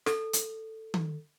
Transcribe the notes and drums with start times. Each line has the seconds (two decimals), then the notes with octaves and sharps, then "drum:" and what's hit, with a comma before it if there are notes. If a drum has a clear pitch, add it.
0.06 A4, drum: snare
0.33 drum: hi-hat
0.94 drum: tom D#3